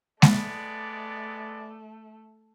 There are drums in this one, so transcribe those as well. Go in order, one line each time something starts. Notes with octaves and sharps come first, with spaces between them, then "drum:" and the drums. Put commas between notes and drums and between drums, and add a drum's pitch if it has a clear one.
G#3 A3 B3 D5, drum: snare G#3